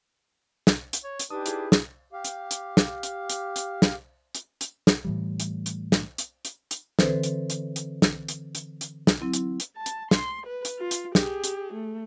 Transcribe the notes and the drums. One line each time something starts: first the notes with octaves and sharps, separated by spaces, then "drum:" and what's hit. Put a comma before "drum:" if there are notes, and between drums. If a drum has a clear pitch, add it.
drum: snare
drum: hi-hat
C#5
drum: hi-hat
D4 D#4 G4 B4 D#6
E4 G#4, drum: hi-hat
drum: snare
G4 F5
drum: hi-hat
drum: hi-hat
drum: snare
drum: hi-hat
drum: hi-hat
drum: hi-hat
drum: snare
drum: hi-hat
drum: hi-hat
drum: snare
A2 E3 G3
drum: hi-hat
drum: hi-hat
drum: snare
drum: hi-hat
drum: hi-hat
drum: hi-hat
D3 E3 C4 A4 B4 C5, drum: snare
drum: hi-hat
drum: hi-hat
drum: hi-hat
drum: snare
drum: hi-hat
drum: hi-hat
drum: hi-hat
drum: snare
F#3 C4 E4
drum: hi-hat
drum: hi-hat
A5
drum: hi-hat
C6, drum: snare
B4
drum: hi-hat
F4
drum: hi-hat
G4 G#4, drum: snare
drum: hi-hat
A3